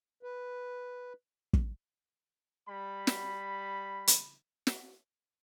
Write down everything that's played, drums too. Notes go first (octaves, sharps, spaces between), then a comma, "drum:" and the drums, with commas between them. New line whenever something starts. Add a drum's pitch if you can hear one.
B4
drum: kick
G3 B5
drum: snare
drum: hi-hat
drum: snare